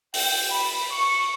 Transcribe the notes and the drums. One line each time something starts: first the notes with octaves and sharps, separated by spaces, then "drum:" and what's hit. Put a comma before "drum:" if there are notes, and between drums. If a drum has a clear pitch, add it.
G5, drum: open hi-hat
B5
C#6